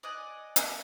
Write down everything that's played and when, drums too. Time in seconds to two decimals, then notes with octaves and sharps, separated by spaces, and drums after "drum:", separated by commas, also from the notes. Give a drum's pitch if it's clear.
0.03 D5 D#5 F#5 G#5
0.56 drum: hi-hat